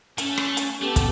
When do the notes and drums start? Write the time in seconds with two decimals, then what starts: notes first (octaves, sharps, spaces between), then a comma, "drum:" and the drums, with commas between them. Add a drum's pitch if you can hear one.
0.18 A3 C#4 G#5, drum: hi-hat
0.38 drum: rim click
0.57 drum: hi-hat
0.82 A3 B3 G4 A4
0.96 drum: kick, hi-hat